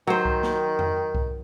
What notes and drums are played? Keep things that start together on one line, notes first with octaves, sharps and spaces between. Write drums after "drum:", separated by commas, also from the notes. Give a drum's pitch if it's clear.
D#3 F#3 C5
drum: kick C2
drum: snare A#3
drum: tom F2
drum: kick C2